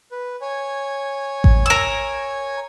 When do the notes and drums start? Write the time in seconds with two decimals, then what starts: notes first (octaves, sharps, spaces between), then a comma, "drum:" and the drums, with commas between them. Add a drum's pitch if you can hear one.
0.12 B4
0.42 C#5 G#5
1.44 drum: kick A1
1.66 A#4 E6